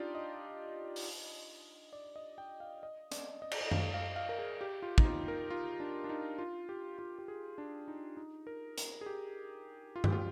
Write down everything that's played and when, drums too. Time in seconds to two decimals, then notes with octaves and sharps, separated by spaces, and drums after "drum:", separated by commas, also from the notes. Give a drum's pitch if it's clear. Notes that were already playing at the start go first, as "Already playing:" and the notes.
Already playing: D4 D#4 F4 G4 D5
0.15 D#5
0.96 drum: open hi-hat
1.93 D5
2.16 D#5
2.38 G5
2.60 F5
2.83 D#5
3.12 D5, drum: hi-hat
3.42 D#5
3.51 D5, drum: cymbal
3.61 D#5
3.71 F5, drum: tom F#2
3.94 F5
4.16 F5
4.29 A#4
4.38 G#4
4.61 G4
4.82 F4
4.98 D#4, drum: kick
5.06 F4
5.28 A#4
5.50 F4
5.80 D4
6.04 D4
6.09 D#4
6.39 F4
6.69 G4
6.99 F4
7.19 G4
7.28 G#4
7.58 D4
7.88 D#4
8.17 D#4
8.47 A#4
8.78 A#4, drum: hi-hat
9.01 G#4
9.06 G4
9.96 F4
10.04 G4, drum: tom G2
10.12 F4